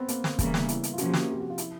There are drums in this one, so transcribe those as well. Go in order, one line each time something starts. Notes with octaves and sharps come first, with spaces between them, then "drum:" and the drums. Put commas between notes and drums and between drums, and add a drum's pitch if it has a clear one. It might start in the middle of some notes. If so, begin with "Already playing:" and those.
Already playing: B3 C4
A#3, drum: hi-hat
A#3, drum: snare
C#3 E3 G3 A#3, drum: kick, hi-hat
B3, drum: snare
E4, drum: hi-hat
drum: hi-hat
F4
C3 F3 A#3 C#4 F#4, drum: hi-hat
G4
F#4, drum: snare
G4
F#4
F4
E4, drum: hi-hat